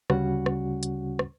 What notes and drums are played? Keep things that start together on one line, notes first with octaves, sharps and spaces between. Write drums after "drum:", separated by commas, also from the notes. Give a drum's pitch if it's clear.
D2 C#3 G3 C#4 F#4 F#5, drum: rim click
drum: rim click
drum: hi-hat
drum: rim click